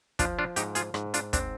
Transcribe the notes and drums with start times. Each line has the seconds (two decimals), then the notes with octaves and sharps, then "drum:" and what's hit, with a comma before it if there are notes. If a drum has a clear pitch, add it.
0.19 F3 D4 F4, drum: kick, hi-hat
0.39 D4 F4
0.56 G#2 D#4 G4, drum: hi-hat
0.75 F4 G#4, drum: hi-hat
0.94 G#2, drum: rim click
1.14 D4 F4, drum: hi-hat
1.33 C4 D4, drum: kick, hi-hat